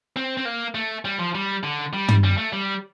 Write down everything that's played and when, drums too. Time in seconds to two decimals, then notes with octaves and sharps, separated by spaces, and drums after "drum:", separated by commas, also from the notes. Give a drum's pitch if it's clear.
0.16 C4
0.37 C4
0.45 A#3
0.75 A3
1.05 G3
1.19 F3
1.35 G3
1.63 D3
1.93 G3
2.08 drum: tom
2.24 G3
2.38 A3
2.53 G3